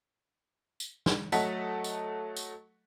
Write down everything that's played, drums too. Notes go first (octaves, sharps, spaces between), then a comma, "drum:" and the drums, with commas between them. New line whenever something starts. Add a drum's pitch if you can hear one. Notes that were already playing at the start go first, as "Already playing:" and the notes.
drum: tambourine
drum: snare
F#3 A3 A4 D#5 F#5 B6, drum: tambourine
drum: tambourine
drum: tambourine